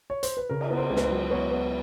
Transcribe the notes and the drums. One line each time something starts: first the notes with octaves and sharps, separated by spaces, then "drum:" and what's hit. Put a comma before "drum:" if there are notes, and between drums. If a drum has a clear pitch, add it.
C#5
C5, drum: hi-hat
B4
C#3 A#4
drum: cymbal
B3
C5
C#2
B4, drum: snare
C5
F#3
B3 C#5
B3